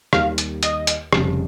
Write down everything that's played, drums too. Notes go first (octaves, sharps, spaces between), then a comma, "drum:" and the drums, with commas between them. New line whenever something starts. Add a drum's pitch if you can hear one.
D#2 D#3 G3 F5, drum: rim click
drum: hi-hat
D#5, drum: hi-hat
drum: hi-hat
F1 F2 C#3 G3, drum: rim click